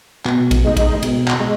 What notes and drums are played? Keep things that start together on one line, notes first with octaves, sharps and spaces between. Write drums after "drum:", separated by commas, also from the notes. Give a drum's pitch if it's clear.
B2, drum: clap
drum: kick A#1, cymbal
G#3 D#4
drum: kick A#1, cymbal
B2, drum: cymbal
drum: clap
G#3